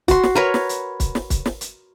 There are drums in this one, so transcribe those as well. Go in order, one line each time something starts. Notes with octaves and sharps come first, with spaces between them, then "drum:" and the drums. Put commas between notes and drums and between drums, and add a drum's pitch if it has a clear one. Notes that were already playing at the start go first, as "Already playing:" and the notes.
F#4 C6, drum: kick, hi-hat
drum: snare
A#4 B4 C#5
drum: snare
drum: hi-hat
drum: kick, hi-hat
drum: snare
drum: kick, hi-hat
drum: snare
drum: hi-hat